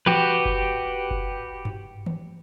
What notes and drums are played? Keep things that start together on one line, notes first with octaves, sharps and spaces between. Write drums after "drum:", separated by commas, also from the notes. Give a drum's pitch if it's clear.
F#4 G4 B4, drum: tom E3
drum: kick F#1
drum: kick F#1
drum: tom G2
drum: tom D#3